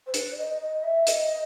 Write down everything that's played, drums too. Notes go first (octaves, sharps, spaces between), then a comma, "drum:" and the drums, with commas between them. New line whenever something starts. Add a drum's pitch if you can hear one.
C5
B4, drum: hi-hat
D5
D#5
D#5
E5
D#5, drum: hi-hat